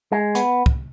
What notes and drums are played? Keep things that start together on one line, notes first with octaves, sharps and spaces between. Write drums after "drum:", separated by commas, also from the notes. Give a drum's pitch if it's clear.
G#3
B3, drum: hi-hat
drum: kick